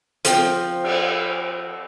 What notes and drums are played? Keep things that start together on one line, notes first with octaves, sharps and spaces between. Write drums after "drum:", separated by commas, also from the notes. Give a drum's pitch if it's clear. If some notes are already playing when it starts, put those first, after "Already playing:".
F3 C4, drum: hi-hat
drum: cymbal